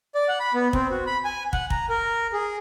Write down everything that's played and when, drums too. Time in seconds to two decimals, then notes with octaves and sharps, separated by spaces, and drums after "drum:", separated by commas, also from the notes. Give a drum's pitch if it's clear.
0.15 D5
0.28 F#5
0.40 B5
0.54 B3
0.73 C4, drum: kick
0.90 F#4
1.07 B5
1.25 G#5
1.53 F#5, drum: kick
1.70 A#5, drum: kick
1.89 A#4
2.33 G#4